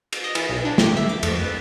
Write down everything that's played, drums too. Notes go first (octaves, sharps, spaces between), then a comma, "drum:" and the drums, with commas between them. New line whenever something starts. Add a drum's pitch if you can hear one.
drum: cymbal
D#5
E3, drum: cymbal
B1
D4
G4, drum: snare
E5
D6
F2, drum: cymbal
B4